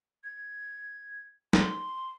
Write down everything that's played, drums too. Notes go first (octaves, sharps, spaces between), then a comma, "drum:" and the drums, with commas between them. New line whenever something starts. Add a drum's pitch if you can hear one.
G#6
C6, drum: snare